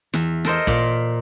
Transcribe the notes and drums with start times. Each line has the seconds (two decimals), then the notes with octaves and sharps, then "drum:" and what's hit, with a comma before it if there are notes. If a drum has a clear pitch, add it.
0.14 E2, drum: snare
0.45 A4 A#4 C5 D#5, drum: snare
0.67 A#2, drum: kick